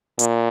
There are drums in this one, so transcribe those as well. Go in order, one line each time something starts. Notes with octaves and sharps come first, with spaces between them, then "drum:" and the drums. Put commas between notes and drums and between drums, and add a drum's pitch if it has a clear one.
A#2, drum: hi-hat